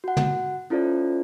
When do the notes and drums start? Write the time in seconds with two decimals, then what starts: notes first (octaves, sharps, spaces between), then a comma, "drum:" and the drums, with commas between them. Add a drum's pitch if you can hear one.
0.04 F#4 F#5
0.17 drum: tom
0.70 C#4 E4 F4 A4 C5 D5